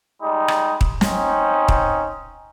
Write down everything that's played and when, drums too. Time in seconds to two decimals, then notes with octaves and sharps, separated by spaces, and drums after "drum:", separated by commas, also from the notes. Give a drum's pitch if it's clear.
0.22 G3 G#3 D#4
0.48 drum: rim click
0.81 drum: kick
1.01 C4 C#4 D#4, drum: snare
1.68 drum: kick